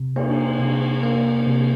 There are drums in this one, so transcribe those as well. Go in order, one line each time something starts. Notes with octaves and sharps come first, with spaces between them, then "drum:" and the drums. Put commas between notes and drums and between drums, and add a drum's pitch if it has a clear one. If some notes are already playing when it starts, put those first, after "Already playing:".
Already playing: C3
A#3, drum: cymbal
C3
A#3
C3